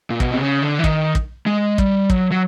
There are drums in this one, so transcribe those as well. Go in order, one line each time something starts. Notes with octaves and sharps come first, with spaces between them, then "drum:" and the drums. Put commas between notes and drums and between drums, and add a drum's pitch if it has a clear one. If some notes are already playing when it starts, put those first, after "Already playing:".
A#2
B2, drum: kick
C3
C#3
D3
E3
D#3, drum: kick
drum: kick
G#3
G3, drum: kick
F#3, drum: kick
F#3